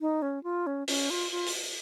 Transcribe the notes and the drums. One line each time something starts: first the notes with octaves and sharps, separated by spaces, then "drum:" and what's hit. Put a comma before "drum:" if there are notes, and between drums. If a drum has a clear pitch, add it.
D#4
C#4
F4
C#4
C#4, drum: open hi-hat
F4
F4
drum: open hi-hat